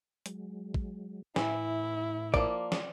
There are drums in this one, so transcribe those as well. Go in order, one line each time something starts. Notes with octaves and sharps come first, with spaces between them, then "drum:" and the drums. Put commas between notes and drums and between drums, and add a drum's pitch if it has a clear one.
F#3 G#3, drum: hi-hat
drum: kick
A2 E3 E4, drum: snare
F3 A#3 D5, drum: kick
drum: snare